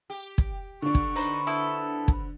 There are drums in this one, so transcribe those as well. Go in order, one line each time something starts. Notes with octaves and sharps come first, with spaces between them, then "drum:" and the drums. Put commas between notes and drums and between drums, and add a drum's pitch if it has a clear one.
G4
drum: kick
D3 D4 C#6
drum: kick
D#4 B4 C5
B3 E4 A4
drum: kick